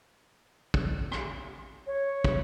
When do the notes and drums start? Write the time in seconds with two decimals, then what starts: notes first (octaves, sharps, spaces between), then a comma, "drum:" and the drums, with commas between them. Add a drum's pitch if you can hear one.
0.74 drum: kick
1.12 drum: rim click
1.87 C#5
2.24 drum: kick